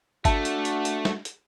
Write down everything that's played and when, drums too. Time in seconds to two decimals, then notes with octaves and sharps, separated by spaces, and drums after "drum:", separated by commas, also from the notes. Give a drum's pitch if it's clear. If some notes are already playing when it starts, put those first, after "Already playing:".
0.25 A3 D4 F#4 E5 A5, drum: kick G1, hi-hat
0.45 drum: hi-hat
0.65 drum: hi-hat
0.85 drum: hi-hat
1.05 drum: snare
1.25 drum: hi-hat